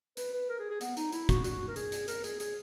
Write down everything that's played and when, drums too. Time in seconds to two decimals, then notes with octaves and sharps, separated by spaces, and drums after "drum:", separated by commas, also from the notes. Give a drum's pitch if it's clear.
0.17 B4, drum: hi-hat
0.33 B4
0.49 A#4
0.60 G#4
0.70 G#4
0.81 B3, drum: hi-hat
0.97 D#4, drum: hi-hat
1.12 E4, drum: hi-hat
1.29 F#4, drum: kick F#1, hi-hat
1.44 F#4, drum: hi-hat
1.68 A#4
1.76 G#4, drum: hi-hat
1.92 drum: hi-hat
2.08 A#4, drum: hi-hat
2.24 G#4, drum: hi-hat
2.40 G#4, drum: hi-hat